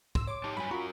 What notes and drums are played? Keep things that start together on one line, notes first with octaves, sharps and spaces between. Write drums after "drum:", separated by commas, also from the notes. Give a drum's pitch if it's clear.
C6 E6, drum: kick
C#5 C6 D6
D#4 G4 A5
G2 F#3 G#5 B5
F4 F#4 A#4 A#5 C#6